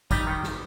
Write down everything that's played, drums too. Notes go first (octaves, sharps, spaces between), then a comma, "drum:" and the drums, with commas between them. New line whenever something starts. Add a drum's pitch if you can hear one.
G3 D#4, drum: kick, tambourine
D#3
drum: snare